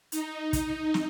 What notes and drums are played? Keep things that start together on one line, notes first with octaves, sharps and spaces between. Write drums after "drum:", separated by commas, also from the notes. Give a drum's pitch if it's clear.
D#4, drum: hi-hat
drum: kick, hi-hat
drum: snare